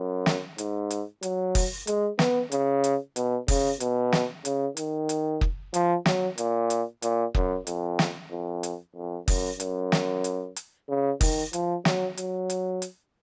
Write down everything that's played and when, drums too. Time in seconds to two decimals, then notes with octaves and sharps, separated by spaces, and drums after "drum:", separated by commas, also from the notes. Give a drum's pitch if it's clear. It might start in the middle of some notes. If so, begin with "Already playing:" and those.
Already playing: F#2
0.26 drum: snare
0.58 G#2, drum: hi-hat
0.91 drum: hi-hat
1.23 F#3, drum: hi-hat
1.55 drum: kick, open hi-hat
1.87 G#3, drum: hi-hat
2.19 B3, drum: snare
2.52 C#3, drum: hi-hat
2.84 drum: hi-hat
3.16 B2, drum: hi-hat
3.48 C#3, drum: kick, open hi-hat
3.80 B2, drum: hi-hat
4.12 drum: snare
4.45 C#3, drum: hi-hat
4.77 D#3, drum: hi-hat
5.09 drum: hi-hat
5.41 drum: kick
5.74 F3, drum: hi-hat
6.06 F#3, drum: snare
6.38 A#2, drum: hi-hat
6.70 drum: hi-hat
7.02 A#2, drum: hi-hat
7.35 F#2, drum: kick
7.67 F2, drum: hi-hat
7.99 drum: snare
8.31 F2
8.63 drum: hi-hat
8.96 F2
9.28 F#2, drum: kick, open hi-hat
9.60 F#2, drum: hi-hat
9.92 drum: snare
10.24 drum: hi-hat
10.56 drum: hi-hat
10.89 C#3
11.21 D#3, drum: kick, open hi-hat
11.53 F3, drum: hi-hat
11.85 F#3, drum: snare
12.17 F#3, drum: hi-hat
12.50 drum: hi-hat
12.82 drum: hi-hat